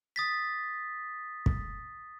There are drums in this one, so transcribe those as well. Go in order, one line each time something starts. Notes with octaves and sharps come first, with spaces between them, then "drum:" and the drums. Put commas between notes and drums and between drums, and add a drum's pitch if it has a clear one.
D#6 A6 B6
drum: kick